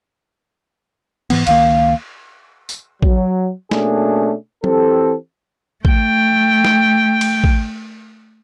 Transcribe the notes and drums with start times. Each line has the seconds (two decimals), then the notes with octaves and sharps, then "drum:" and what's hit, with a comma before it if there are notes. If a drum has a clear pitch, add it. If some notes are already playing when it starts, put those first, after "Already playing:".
1.30 G#2 E3 B3, drum: cymbal
1.47 C#2 D#3 A#3 F5, drum: cymbal
2.69 drum: tambourine
3.02 F#3, drum: kick
3.71 B2 A3 A#3 C#4 D4 G#4, drum: snare
4.64 E3 C4 G4 A4, drum: tom F#3
5.85 A3 G5, drum: kick
6.65 drum: snare
7.21 drum: cymbal
7.44 drum: kick